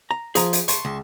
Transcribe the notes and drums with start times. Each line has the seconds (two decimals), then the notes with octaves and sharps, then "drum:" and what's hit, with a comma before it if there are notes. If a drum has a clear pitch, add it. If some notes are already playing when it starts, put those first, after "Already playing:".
0.11 A#5
0.35 F3 G#4 A#5, drum: hi-hat
0.53 drum: hi-hat
0.68 A5 C6 C#6, drum: hi-hat
0.85 C#2